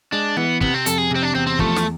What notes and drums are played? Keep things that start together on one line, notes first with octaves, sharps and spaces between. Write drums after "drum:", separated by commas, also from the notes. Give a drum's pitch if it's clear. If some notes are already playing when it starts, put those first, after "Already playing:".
G#3 D4
E3 B3
C3 B3, drum: kick
C4
F2 A4, drum: hi-hat
G#4
C3 C4
D4
E2 C4
C4
F3 A3, drum: kick
drum: snare